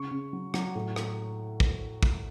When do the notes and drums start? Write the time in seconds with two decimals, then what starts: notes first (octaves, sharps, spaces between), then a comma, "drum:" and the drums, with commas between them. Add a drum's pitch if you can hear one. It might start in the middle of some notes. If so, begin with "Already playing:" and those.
Already playing: C#3 C#6
0.11 C#3
0.33 F#3
0.54 F#3, drum: rim click
0.75 A2
0.96 A2, drum: rim click
1.60 drum: kick
2.03 drum: kick